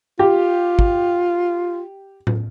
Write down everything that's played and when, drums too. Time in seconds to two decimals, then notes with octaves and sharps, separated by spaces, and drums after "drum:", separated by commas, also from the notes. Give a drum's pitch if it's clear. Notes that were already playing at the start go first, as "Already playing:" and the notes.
0.19 F4 G4
0.79 drum: kick
2.27 drum: tom A2